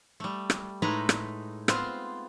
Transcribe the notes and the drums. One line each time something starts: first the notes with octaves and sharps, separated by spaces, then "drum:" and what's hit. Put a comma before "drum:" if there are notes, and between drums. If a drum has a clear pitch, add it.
G3 A3
drum: rim click
A2 G#3 A3 D#4 B4 A#5
drum: rim click
B3 C4 F4 C5, drum: rim click